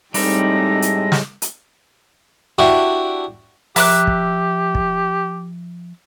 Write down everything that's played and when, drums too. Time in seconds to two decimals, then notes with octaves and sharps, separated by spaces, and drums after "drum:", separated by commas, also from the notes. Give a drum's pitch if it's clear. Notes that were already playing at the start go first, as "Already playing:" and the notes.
0.14 A2 G3 G#3 C4 D#4 A4 A#6, drum: open hi-hat
0.82 drum: hi-hat
1.12 drum: snare
1.42 drum: hi-hat
2.58 D4 E4 F#4 G4
3.76 F3 G4 E5 A#5 D6 F#6, drum: open hi-hat
4.07 drum: kick
4.75 drum: kick